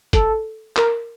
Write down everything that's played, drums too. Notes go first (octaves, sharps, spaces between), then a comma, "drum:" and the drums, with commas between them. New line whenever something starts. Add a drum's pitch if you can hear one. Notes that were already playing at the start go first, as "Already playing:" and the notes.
A4, drum: kick, hi-hat
A#4, drum: clap